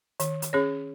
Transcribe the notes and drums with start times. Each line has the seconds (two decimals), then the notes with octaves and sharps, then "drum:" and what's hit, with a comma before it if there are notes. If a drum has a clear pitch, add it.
0.20 D#3, drum: hi-hat
0.42 drum: hi-hat
0.53 C#4 G#4 C#5